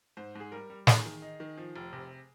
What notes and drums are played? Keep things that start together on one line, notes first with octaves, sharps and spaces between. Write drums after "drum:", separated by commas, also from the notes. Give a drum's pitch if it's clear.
G#2 C5
G#2 G#4
G3 A#4
G3
D#3 G#4, drum: snare
D#3
D#4
D#3
F3
F1
C3